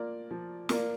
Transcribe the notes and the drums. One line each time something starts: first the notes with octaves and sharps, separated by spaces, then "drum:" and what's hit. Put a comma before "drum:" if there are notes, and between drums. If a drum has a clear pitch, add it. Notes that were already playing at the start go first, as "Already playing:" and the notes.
Already playing: F3 A#3 F4 A#4 D5
F3
A#3 F4 A#4 D5, drum: snare